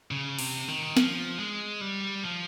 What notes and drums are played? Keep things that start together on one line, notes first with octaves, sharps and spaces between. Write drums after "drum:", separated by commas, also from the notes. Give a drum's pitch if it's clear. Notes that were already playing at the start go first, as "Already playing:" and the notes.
C#3
C3, drum: open hi-hat
D#3
F3, drum: snare
G#3
G3
F3